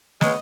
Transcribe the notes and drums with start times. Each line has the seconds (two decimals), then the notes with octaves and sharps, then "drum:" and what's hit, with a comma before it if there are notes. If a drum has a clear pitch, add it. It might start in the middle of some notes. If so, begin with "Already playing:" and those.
0.21 C#3 G#3 B3 D#5, drum: snare